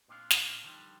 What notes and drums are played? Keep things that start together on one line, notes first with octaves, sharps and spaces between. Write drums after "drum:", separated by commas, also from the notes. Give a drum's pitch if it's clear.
A#2 C4 D4 F4 A#4 F5
drum: snare
D3 D#3 F3 G3